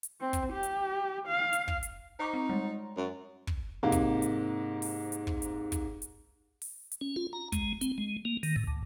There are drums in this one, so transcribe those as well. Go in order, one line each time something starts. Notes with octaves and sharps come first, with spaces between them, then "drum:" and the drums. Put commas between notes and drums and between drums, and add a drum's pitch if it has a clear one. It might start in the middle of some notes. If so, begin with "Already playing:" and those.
drum: hi-hat
C4
drum: kick, hi-hat
G4
drum: hi-hat
F5
drum: hi-hat
drum: kick
drum: hi-hat
D#4 C5 C#6 D6
C4
G3 G#3
F#2
drum: kick
G#2 C3 A#3
drum: kick, hi-hat
drum: hi-hat
drum: open hi-hat
drum: hi-hat
drum: kick
drum: hi-hat
drum: kick, hi-hat
drum: hi-hat
drum: open hi-hat
drum: hi-hat
C#4
F4
A#5
G#3, drum: kick, hi-hat
C4, drum: hi-hat
G#3
A#3
D#3, drum: open hi-hat
A2
D2